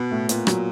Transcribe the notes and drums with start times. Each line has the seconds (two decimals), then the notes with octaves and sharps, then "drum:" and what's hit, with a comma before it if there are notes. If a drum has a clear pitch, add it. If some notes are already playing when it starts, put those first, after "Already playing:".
Already playing: B2 B3
0.11 A2
0.29 A#2 B3, drum: hi-hat
0.47 F#3, drum: rim click